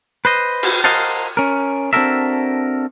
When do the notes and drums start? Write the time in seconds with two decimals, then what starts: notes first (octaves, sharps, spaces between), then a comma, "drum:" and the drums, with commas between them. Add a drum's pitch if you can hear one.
0.25 B4 C5 D#5
0.63 drum: cymbal
0.84 A#4 C5 D#5 F5 F#5 A5
1.37 C#4 A#4
1.93 C4 D4 F#4 A4 A#4 E5